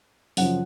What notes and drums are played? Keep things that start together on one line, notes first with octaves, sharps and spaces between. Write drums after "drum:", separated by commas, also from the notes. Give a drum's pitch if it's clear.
F#2 C#3 F3 F#5, drum: open hi-hat